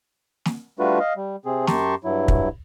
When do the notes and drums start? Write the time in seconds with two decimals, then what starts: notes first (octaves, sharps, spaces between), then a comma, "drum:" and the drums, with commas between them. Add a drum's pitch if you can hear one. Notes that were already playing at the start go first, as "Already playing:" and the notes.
0.45 drum: snare
0.79 G3 A3 D4 F4 F#4 B4
1.00 D#5 F5
1.17 G3
1.45 C3 C4 G#4
1.67 F#2 G4 A5 A#5 C6 C#6, drum: snare
2.04 G2 F#3 E4
2.28 drum: kick